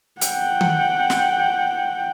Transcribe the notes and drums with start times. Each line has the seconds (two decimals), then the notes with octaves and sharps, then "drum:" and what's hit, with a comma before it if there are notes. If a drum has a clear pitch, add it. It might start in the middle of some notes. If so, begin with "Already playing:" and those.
0.21 F#5 G5, drum: hi-hat
0.61 drum: tom D#3
1.10 drum: snare